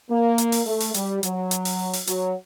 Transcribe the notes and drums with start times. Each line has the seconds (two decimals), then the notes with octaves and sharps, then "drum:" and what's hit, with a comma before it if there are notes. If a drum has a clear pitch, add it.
0.10 A#3
0.38 drum: hi-hat
0.52 drum: open hi-hat
0.67 A3
0.80 drum: open hi-hat
0.94 G3, drum: hi-hat
1.23 F#3, drum: hi-hat
1.51 drum: hi-hat
1.65 drum: open hi-hat
1.93 drum: open hi-hat
2.07 F#3, drum: hi-hat